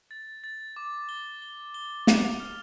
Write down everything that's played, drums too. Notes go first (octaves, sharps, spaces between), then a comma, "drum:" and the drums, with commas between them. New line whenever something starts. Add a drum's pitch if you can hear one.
A6
A6
D6
G7
G7
G7
F7, drum: snare
F6